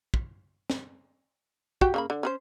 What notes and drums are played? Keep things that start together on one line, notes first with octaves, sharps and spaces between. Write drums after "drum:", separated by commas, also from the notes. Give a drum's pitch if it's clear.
drum: kick
drum: snare
F#4 G4 G5, drum: kick
C#3 A#3 B5
D3
C#4 G#4 C5